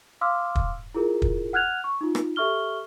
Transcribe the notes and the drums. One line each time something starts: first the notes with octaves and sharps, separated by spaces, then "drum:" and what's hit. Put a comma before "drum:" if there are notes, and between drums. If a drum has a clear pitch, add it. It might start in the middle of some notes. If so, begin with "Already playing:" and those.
F5 C6 D6 E6 F6
drum: kick
E4 F4 G#4 A#4
drum: kick
F#5 F6 F#6 G#6 F7
C#6
D#4 F4
drum: rim click
G4 A4 E5 C#6 F6 G7